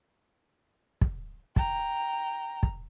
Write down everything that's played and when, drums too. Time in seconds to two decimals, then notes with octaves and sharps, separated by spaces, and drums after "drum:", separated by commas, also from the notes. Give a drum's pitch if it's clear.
1.01 drum: kick
1.56 G5 A#5, drum: kick
2.63 drum: kick